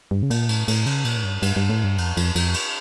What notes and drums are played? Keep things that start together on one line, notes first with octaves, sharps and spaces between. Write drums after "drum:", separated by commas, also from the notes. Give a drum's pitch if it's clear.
G2
C#3
A#2, drum: cymbal
A2, drum: cymbal
A2, drum: cymbal
C#3, drum: cymbal
A#2, drum: cymbal
A2
G2
G2, drum: cymbal
G2
A2
G2
F2, drum: cymbal
F2, drum: cymbal
F2, drum: cymbal
drum: cymbal